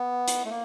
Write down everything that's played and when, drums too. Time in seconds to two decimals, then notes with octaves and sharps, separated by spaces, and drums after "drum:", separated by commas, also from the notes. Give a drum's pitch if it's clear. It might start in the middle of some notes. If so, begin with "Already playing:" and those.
Already playing: B3
0.28 drum: hi-hat
0.45 A3
0.50 A#3